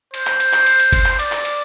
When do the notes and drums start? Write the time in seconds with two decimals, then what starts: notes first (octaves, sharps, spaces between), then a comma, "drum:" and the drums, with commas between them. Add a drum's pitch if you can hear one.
0.14 C5, drum: cymbal
0.27 drum: clap
0.40 drum: cymbal
0.53 drum: clap
0.66 drum: cymbal
0.79 drum: cymbal
0.93 drum: kick, cymbal
1.06 drum: clap
1.19 D5, drum: cymbal
1.32 drum: clap
1.45 drum: cymbal